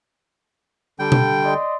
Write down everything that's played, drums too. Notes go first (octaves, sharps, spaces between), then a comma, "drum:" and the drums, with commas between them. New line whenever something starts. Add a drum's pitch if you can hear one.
D3 G3 G5
drum: tom B2
D5 D#5 C6